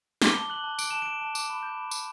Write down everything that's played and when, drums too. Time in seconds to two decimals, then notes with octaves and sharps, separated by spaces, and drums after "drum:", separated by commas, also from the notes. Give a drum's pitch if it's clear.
0.22 D6 G7, drum: snare
0.36 A5
0.50 F#6 F#7
0.64 A5
0.79 D6 D7, drum: tambourine
0.91 A5 E7
1.02 F#6 D7
1.21 A5
1.35 D6, drum: tambourine
1.50 B5
1.63 G6
1.77 B5
1.91 D6, drum: tambourine